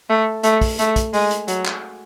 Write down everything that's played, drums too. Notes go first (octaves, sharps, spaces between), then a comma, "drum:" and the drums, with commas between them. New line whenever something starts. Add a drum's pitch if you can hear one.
A3
A3, drum: hi-hat
drum: kick, open hi-hat
A3, drum: hi-hat
drum: kick, hi-hat
G#3, drum: open hi-hat
drum: hi-hat
F#3, drum: hi-hat
drum: clap